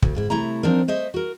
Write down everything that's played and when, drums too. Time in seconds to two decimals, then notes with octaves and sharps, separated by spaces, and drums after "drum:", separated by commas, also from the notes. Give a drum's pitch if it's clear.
0.02 D2, drum: kick
0.16 G#2 E4
0.30 C3 A3 E4 A#5
0.63 F3 C4 D4 D#4 A#4
0.88 A3 C5 D#5 E5
1.14 F#4 A#4